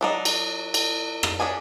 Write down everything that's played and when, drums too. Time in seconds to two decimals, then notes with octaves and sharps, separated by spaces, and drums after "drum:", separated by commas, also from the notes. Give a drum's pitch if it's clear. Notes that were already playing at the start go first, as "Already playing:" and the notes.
0.01 F#3 D4 D#4
0.25 drum: cymbal
0.74 drum: cymbal
1.23 drum: rim click
1.40 C#4 D4 G#4 G#5